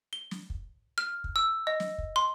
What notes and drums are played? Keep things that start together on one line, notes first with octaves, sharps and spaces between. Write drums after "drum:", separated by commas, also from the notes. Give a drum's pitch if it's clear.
G7
drum: snare
drum: kick
F6
drum: kick
E6
D#5
drum: snare
drum: kick
C6